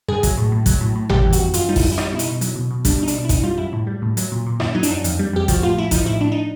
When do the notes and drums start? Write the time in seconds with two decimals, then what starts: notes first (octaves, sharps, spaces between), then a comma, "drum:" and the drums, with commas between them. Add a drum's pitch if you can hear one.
0.08 G2 G#4
0.23 F#3, drum: kick, hi-hat
0.38 A2
0.52 A2
0.66 F#3, drum: kick, hi-hat
0.81 A2
0.95 A2
1.10 G3 G4, drum: tom G#1
1.25 E3
1.33 F#4, drum: hi-hat
1.39 F2
1.54 F#2 F4, drum: hi-hat
1.69 G3 D#4
1.76 E4, drum: kick, open hi-hat
1.84 F#2
1.92 E4
1.98 G3 D#4, drum: rim click
2.12 B2 E4
2.19 D#4, drum: hi-hat
2.27 B2
2.41 F#3, drum: hi-hat
2.55 B2
2.71 B2
2.85 G3 D4, drum: kick, hi-hat
2.99 B2 D#4
3.08 D4, drum: hi-hat
3.15 B2
3.25 E4
3.29 F#2 D#4, drum: kick, hi-hat
3.44 G3 F4
3.58 F#2 E4
3.73 A2
3.87 G3
4.02 A2
4.17 F#3, drum: hi-hat
4.32 A#2
4.46 A#2
4.60 F#2 E4, drum: rim click
4.75 F#3 D#4
4.83 D4, drum: hi-hat
4.89 F#2 D#4
5.04 F2, drum: hi-hat
5.19 G3
5.33 F2 G4
5.48 F3 F#4, drum: kick, hi-hat
5.63 A2 F4
5.77 A2 E4
5.91 F3 D#4, drum: kick, hi-hat
6.06 A2 E4
6.21 A2 D4
6.32 D#4